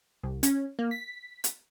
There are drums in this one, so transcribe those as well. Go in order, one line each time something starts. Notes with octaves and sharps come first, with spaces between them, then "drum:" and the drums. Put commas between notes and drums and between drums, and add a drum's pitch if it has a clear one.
C2
C#4, drum: hi-hat
A#3
B6
drum: hi-hat